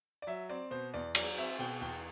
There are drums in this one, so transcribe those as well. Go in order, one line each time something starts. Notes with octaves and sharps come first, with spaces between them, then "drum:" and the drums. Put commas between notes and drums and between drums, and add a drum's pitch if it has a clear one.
D5
F#3 E5
C4 D5
B2 C5
E2 D5
F#3 D5, drum: cymbal
C4 E5
B2 G5
E2 G5